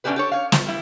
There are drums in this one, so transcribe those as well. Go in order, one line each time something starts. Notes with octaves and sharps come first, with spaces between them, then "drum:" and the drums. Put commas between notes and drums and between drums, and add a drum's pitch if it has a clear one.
F#2 B2 C#4 D4 G4 B4
G4 A4 C#5
C#5 F5
D#3 F3 A3, drum: snare
G3 E4